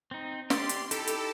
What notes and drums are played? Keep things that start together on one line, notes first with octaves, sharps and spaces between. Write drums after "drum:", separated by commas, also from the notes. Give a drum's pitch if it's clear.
C4 D#4
G4 D5 C6, drum: snare
drum: hi-hat
D#4 E4 G4 A4, drum: hi-hat
drum: hi-hat